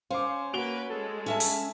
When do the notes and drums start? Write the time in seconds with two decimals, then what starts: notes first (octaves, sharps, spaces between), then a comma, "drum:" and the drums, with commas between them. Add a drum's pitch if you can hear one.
0.10 C#4 C5 F5 D6
0.53 A#3 F#4 B4 D7 F7 G7
0.90 G#3 A4
1.26 C#4 E5 A5
1.40 drum: open hi-hat